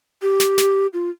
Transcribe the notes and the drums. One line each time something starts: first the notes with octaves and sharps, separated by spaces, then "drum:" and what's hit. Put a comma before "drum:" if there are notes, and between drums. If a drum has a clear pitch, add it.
G4
drum: snare
drum: snare
F4